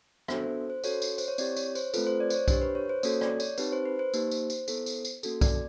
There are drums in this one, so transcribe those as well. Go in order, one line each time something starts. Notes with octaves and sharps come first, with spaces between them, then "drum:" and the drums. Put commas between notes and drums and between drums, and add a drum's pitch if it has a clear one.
B3 D4 F#4 A4 E5, drum: rim click
C5
C5
C#4 F#4 A4 C#5, drum: tambourine
drum: tambourine
C5, drum: tambourine
C#5
C4 E4 G4 D5, drum: tambourine
C#5, drum: tambourine
C5, drum: tambourine
A3 C4 F4 A4 B4, drum: tambourine
C5
D5
C5, drum: tambourine
C#5
D4 G4 C5, drum: kick B1, tambourine
B4
C#5
C5
A#3 C#4 F#4 A4 C#5, drum: tambourine
D5, drum: rim click
C#5, drum: tambourine
C4 D#4 G4 B4, drum: tambourine
C5
B4
C5
A#3 D#4 G4, drum: tambourine
drum: tambourine
drum: tambourine
B3 E4 A4, drum: tambourine
drum: tambourine
drum: tambourine
A#3 C#4 F#4 A4, drum: tambourine
D5, drum: kick B1, tambourine